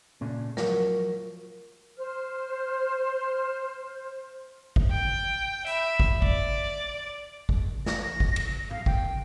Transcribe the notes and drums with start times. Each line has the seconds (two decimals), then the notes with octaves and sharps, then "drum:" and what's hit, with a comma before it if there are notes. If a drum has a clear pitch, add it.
0.21 A#2 C#3 D4
0.57 F3 F#3 A#4, drum: snare
1.97 C5 F6
4.76 drum: kick
4.90 G5
5.66 E5 B5, drum: hi-hat
6.00 drum: kick
6.22 D5, drum: kick
7.49 drum: kick
7.86 A#6, drum: snare
8.20 drum: kick
8.36 drum: cymbal
8.71 F5, drum: tom G#2
8.86 G5, drum: kick